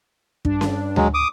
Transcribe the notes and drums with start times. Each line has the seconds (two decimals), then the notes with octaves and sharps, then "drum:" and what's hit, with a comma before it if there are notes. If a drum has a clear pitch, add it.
0.45 G2 D4, drum: kick
0.61 drum: snare C#4
0.96 F#3 G#3, drum: tom D2
1.14 D6 D#6